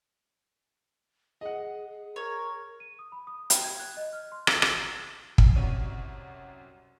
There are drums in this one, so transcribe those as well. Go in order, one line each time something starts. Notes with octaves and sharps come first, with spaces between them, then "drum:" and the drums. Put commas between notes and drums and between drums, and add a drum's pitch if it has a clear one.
G#4 D#5 F#5
A#4 C#5
D#7
D#6
B5
D#6
G5, drum: hi-hat
G#6
F#6
D#5
F6
C6
drum: rim click
drum: rim click
drum: kick
C2 F#2 C3 F#4 C#5 D#7